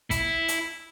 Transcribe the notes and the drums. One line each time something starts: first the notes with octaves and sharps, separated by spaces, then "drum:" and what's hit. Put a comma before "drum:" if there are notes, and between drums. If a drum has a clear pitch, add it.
E4, drum: kick, hi-hat
drum: hi-hat